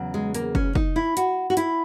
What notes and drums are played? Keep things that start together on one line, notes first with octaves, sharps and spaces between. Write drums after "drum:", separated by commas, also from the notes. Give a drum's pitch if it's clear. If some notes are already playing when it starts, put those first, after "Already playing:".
Already playing: E2 C#3 F#3
G#3
A#3, drum: hi-hat
C#4, drum: kick
D#4, drum: kick
E4
F#4, drum: hi-hat
F#4
E4, drum: hi-hat